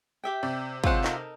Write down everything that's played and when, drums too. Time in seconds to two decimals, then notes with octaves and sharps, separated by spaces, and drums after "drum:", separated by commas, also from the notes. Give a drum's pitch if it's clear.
0.24 G4 E5 G5
0.43 C3 D5
0.84 C3 F#3 G#3 F4 C5 F#5 E7, drum: kick
1.04 D#4 A4 A#4, drum: clap